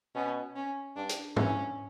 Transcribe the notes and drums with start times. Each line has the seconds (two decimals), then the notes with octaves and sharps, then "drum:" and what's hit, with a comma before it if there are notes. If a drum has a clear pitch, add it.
0.15 B2 C#4
0.56 C#4
0.96 G2 D4
1.09 drum: hi-hat
1.36 E3 C#4, drum: tom